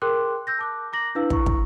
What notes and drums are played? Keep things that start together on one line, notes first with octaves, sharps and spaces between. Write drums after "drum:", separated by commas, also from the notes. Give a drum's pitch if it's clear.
G#4 A#4 G5 C6 D6 F#6
E6 G6 A#6
A5 D6 F#6
A#5 D6 A#6 F#7
D4 E4 B4 F5 E6
E4 A#5 C#6, drum: kick
drum: kick